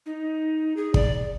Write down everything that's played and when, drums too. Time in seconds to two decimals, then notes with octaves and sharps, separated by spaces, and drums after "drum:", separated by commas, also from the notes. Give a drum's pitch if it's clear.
0.06 D#4
0.77 G#4
0.94 D5, drum: kick